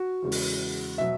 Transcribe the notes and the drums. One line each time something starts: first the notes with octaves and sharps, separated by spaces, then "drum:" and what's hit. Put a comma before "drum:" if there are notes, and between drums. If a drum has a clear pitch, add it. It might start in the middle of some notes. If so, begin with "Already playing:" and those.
Already playing: F#4
E2 C#3 G#3
drum: open hi-hat
B2 F#3 E5